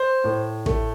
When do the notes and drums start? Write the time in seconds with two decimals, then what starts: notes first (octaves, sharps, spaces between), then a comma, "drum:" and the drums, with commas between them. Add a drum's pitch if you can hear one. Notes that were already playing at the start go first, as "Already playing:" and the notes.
Already playing: C5
0.24 A2
0.66 A3, drum: kick